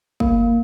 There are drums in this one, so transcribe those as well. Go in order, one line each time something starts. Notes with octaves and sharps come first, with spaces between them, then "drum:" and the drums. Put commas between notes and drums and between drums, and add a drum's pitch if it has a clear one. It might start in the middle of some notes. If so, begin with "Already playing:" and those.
A#3, drum: kick